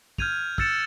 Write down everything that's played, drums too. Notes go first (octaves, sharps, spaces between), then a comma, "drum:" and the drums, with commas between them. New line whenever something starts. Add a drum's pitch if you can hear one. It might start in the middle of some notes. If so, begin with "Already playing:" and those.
F6 G6 G#6 D#7 F7, drum: kick
E6 F6 A6 C#7 E7, drum: kick